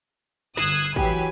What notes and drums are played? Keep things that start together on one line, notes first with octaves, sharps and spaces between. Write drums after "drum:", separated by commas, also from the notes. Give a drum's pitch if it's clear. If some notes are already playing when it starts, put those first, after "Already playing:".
G1 D#6 E6 F#6 G#6 C7, drum: snare
E3 F#3 G4 B4 G#5, drum: kick